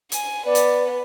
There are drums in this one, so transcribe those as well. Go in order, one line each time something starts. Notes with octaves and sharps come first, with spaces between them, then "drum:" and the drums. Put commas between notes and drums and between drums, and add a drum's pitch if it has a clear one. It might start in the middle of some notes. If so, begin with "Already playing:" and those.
G#5, drum: hi-hat
B3 B4 D5
drum: hi-hat